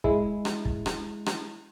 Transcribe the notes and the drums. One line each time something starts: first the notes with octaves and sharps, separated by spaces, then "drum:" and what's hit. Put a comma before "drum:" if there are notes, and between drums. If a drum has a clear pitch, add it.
G#3 E4, drum: kick
drum: rim click
drum: kick
drum: rim click
drum: rim click